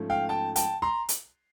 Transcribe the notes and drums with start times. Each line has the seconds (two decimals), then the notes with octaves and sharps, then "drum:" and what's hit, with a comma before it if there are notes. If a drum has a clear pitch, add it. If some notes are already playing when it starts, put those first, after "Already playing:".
Already playing: G#2 F3 A3 C#4
0.10 F5 G5
0.29 G5 A5
0.56 G5 A5, drum: hi-hat
0.82 A#5 C6
1.09 drum: hi-hat